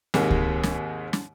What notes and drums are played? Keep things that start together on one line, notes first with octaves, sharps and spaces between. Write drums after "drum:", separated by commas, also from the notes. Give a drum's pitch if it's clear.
D#2 G#2 C3 G#3 A#3, drum: snare
drum: kick C#2
drum: snare
drum: snare